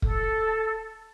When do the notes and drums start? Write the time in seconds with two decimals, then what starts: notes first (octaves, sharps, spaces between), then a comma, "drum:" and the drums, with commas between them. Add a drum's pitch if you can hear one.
0.02 A4, drum: kick